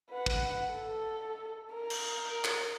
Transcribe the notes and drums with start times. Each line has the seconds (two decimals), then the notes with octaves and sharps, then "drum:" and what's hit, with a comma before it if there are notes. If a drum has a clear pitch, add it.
0.11 B4 F#5
0.26 drum: kick
0.72 A4
1.73 A#4
1.90 drum: cymbal
2.44 drum: clap